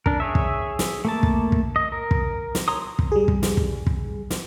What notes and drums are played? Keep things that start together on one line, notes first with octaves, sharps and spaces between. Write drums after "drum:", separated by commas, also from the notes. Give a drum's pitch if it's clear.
D4 A#4, drum: kick
G#4 C#5 E5
drum: kick
drum: snare
A3 A#3 A5
drum: kick
drum: kick
D#5
A#4
drum: kick
drum: snare
C#5 A#5 C6 D#6
drum: kick
G3 G#4
drum: kick
drum: snare
drum: kick
drum: kick
drum: snare